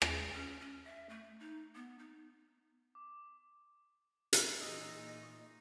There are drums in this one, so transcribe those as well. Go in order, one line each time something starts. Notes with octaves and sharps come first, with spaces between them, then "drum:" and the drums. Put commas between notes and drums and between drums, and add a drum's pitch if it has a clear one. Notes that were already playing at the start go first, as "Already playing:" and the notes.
G#4, drum: rim click
C#4
C#4
E5
A3
D#4
B3
D#4
D6
drum: hi-hat
A#2 E3 D#4 F4 G#4 D#5 D#6 E6
C#6